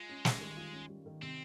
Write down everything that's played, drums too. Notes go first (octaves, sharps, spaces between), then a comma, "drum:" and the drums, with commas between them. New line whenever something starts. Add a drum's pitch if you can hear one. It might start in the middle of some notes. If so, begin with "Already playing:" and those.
Already playing: G#3 F4
C#4
G3, drum: snare
D#3
F4
C#4
G3
D#3
C3 C4